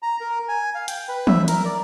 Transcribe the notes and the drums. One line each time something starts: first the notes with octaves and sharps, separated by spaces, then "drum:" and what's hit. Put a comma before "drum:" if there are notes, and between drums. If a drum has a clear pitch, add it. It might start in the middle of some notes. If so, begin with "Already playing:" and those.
A#5
A#4
G#5
F5
G5, drum: hi-hat
B4
E5, drum: tom E3
A#4, drum: hi-hat
D5